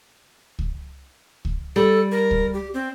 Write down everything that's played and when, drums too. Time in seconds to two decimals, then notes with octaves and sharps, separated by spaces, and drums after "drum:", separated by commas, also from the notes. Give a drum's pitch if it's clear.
0.59 drum: kick C#2
1.45 drum: kick C#2
1.76 G3 A4
2.12 A#4
2.31 drum: kick C#2
2.54 G4
2.74 C4